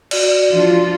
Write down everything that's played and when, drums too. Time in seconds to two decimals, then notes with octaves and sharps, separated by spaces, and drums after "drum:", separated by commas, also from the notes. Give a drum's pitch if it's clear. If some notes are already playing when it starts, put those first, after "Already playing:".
0.11 F#4 D5, drum: cymbal
0.49 F3 D4 F4